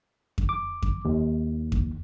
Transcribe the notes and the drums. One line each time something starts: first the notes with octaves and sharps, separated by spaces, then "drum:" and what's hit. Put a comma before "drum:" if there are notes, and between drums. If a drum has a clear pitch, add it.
drum: kick F2
D6
drum: kick F2
D#2
drum: kick F2